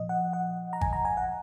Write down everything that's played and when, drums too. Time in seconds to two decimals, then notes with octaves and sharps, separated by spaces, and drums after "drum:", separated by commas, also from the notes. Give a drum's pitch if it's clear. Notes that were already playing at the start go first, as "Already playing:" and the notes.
Already playing: A#2 F3 D#5
0.09 F#5
0.33 F#5
0.73 A#5
0.81 G#5, drum: kick G#1
0.93 A#5
1.05 G#5
1.17 F#5